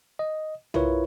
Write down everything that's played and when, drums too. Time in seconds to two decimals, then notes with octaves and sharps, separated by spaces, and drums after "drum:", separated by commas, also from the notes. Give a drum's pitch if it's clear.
0.19 D#5
0.74 E4 F4 A#4 B4 C#5, drum: tom